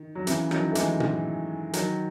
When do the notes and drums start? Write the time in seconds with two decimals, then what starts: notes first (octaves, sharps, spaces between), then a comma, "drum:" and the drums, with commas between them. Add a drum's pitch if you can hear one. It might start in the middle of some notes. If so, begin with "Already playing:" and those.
Already playing: D#3
0.15 F#3
0.27 C#3 E3, drum: hi-hat
0.51 D#3 F#3, drum: rim click
0.71 A3
0.75 E3 G#3, drum: hi-hat
1.00 drum: tom A#2
1.73 D#3 F#3, drum: hi-hat